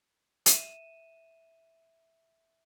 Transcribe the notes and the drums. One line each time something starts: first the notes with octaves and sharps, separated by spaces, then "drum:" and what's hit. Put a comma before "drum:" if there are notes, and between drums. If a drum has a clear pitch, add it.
E5 D#7 E7, drum: hi-hat